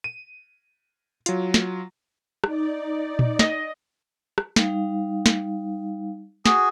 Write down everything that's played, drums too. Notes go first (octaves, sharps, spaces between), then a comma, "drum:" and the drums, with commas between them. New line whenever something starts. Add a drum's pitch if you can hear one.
D#7
F#3 F4, drum: hi-hat
drum: snare
D#4 D5, drum: rim click
drum: tom A#2
D#5, drum: snare
drum: rim click
G3 D#4 F5, drum: snare
drum: snare
F#4 G#4, drum: snare